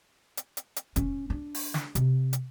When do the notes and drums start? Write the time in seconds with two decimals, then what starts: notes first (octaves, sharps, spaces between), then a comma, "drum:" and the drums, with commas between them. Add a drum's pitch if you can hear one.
0.37 drum: hi-hat
0.57 drum: hi-hat
0.76 drum: hi-hat
0.96 C#4, drum: kick, hi-hat
1.30 D4
1.55 drum: open hi-hat
1.74 drum: snare
1.95 C3, drum: hi-hat
2.33 drum: hi-hat